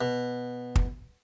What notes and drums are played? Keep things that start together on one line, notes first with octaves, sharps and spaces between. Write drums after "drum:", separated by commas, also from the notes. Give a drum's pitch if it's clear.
B2
drum: kick